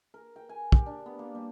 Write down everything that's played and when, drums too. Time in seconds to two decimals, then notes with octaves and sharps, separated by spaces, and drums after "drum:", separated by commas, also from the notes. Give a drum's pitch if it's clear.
0.14 A#4
0.36 G5
0.49 G#5
0.72 G4, drum: kick
0.86 D4
1.06 B3
1.19 A#3
1.35 G3